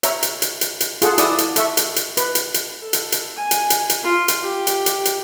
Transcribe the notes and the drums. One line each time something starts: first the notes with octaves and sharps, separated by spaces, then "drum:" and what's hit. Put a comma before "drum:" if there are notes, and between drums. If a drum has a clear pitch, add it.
C#5 E5 A#5, drum: hi-hat
drum: hi-hat
drum: hi-hat
drum: hi-hat
drum: hi-hat
F4 G#4 A4 F#5 E6, drum: hi-hat
E4 F#4 A4 D5 A5 D#6, drum: hi-hat
drum: hi-hat
A4 E5 C#6, drum: hi-hat
drum: hi-hat
drum: hi-hat
B4, drum: hi-hat
drum: hi-hat
drum: hi-hat
A4
drum: hi-hat
drum: hi-hat
G#5
drum: hi-hat
drum: hi-hat
drum: hi-hat
F4
drum: hi-hat
G4
drum: hi-hat
drum: hi-hat
drum: hi-hat